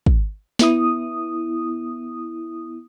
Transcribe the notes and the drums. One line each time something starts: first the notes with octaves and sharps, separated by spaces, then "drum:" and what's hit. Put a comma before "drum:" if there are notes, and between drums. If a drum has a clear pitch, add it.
drum: kick
B3 E4 D#6, drum: snare